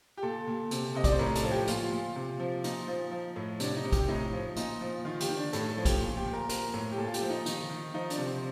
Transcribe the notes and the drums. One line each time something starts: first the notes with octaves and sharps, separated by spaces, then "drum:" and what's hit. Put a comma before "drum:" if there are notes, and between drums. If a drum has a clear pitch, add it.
G4
A#2 A4
A#2
C3, drum: hi-hat
C3 D#5
D5, drum: kick, hi-hat
C5
A2 A#4
A4, drum: hi-hat
F3
G4
A#2 F4, drum: hi-hat
A#2
C3
F3
A#2 D#4, drum: hi-hat
F3
F3
A2
C3 D4, drum: hi-hat
D#4
C3
G4, drum: kick, hi-hat
A2 D#4
F3
A#2 D#4, drum: hi-hat
F3
D#3 F4
G4, drum: hi-hat
D#3
D4
A2 A4, drum: hi-hat
A4
F3
G4, drum: kick, hi-hat
A#2
G4
A#2
A#4
F3 A#4, drum: hi-hat
A2
G4
A#2 A4
F4
G4, drum: hi-hat
F3
D#4
D#3 D#4, drum: hi-hat
D#3
F3 D#4
D4, drum: hi-hat
C3
C4